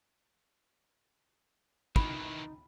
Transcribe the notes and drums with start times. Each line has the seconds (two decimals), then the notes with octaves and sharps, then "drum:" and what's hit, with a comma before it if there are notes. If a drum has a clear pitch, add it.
1.96 D#3 E3 D#4 B5, drum: kick